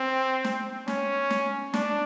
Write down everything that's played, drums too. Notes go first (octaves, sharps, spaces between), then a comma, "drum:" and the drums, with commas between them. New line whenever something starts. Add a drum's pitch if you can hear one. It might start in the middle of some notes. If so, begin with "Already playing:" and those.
Already playing: C4
drum: snare
C#4, drum: snare
drum: snare
D4, drum: snare